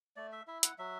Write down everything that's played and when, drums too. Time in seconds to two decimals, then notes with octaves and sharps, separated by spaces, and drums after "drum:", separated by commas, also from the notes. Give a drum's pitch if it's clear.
0.16 A3 D5
0.32 E5
0.47 E4 E5
0.63 F#5, drum: hi-hat
0.78 F#3 E5